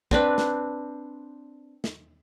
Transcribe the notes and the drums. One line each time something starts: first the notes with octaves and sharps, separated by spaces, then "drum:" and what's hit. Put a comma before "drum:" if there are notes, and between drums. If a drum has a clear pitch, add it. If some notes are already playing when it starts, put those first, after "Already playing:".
C4 D4 B4, drum: kick
drum: snare
drum: snare